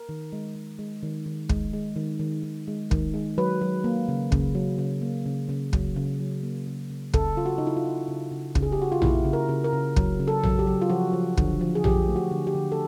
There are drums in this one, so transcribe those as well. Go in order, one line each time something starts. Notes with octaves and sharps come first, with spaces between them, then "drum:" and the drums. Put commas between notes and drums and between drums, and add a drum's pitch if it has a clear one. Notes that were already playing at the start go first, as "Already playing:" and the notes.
Already playing: A#4
D#3
G#3
G#3
G#3
D#3
D#3
G#3, drum: kick
G#3
D#3
D#3
D#3
G#3
D#3, drum: kick
G#3
F#3 B4
F#3
A#3
C#3
C#3, drum: kick
F#3
C#3
A#3
C#3
C#3
F#3, drum: kick
C#3
F#3
A#3
C#3
C#3
C#3 A4, drum: kick
C#3 F4
F#4
C#3 D#4
E4
F4
C#3
C#3
C#3
C#3, drum: kick
G#4
G4
C#3 F#4
F4
A#3 E4, drum: tom A#1
C#3
A#4
C#3
A#4
C#3
F#3, drum: kick
C#3
A4
F#3, drum: tom A#1
G4
F#3
F4
F3 F#4
F3
D3, drum: kick
F3
G#4
F3 G4, drum: tom A#1
A3
F#4
D3
G4
D3
A4